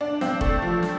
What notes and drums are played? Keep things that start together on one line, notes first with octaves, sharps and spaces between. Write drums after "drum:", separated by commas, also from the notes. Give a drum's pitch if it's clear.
D4
C4, drum: snare
A3, drum: kick
F3
drum: snare